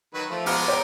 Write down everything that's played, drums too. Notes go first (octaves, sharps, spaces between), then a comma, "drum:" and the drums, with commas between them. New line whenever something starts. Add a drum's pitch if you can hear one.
D#3 F#3 B4
F3 A3
G#3 B3 F5 A#5 D6 F6, drum: open hi-hat
G4 C#5 A#5